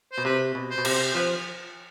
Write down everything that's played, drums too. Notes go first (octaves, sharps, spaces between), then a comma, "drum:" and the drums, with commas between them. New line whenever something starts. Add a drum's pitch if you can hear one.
C5
B2
C3 B4
B2
C5
B2
C3, drum: cymbal
C5
C5
F3 B4